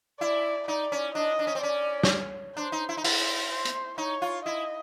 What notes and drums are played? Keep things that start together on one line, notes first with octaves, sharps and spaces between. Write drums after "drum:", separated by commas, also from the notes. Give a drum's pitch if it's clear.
E4 D5
D#4 D5
C#4
D4 D#5
D4
C#4
C4
C#4 D5
drum: snare
D4 C5
D#4
E4
D#4
E4 C5, drum: open hi-hat
C5
drum: hi-hat
D#4 C#5
F4
E4 D#5